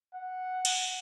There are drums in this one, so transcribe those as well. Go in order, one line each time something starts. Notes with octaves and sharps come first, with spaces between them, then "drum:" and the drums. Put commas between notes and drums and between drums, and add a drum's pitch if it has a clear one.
F#5
drum: cymbal